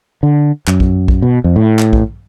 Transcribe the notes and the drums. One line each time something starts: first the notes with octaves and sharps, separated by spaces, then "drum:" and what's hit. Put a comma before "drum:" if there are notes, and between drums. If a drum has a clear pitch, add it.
D3
F#2, drum: clap
drum: kick
drum: kick
B2
F2
A2
drum: clap
drum: kick